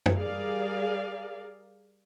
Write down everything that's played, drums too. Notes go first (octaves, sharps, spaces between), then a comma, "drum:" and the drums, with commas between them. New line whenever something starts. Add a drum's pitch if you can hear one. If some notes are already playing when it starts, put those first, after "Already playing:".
drum: tom F#2
G3 G#4 A#4 D5 F5